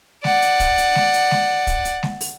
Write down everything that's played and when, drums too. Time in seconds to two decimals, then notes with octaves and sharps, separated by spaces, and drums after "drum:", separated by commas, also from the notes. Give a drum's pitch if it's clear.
0.24 D5 F#5, drum: snare G#3
0.42 drum: hi-hat
0.60 drum: kick, hi-hat
0.78 drum: hi-hat
0.95 drum: snare G#3
1.13 drum: hi-hat
1.31 drum: snare G#3
1.67 drum: kick, hi-hat
1.85 drum: hi-hat
2.03 drum: snare G#3
2.21 drum: open hi-hat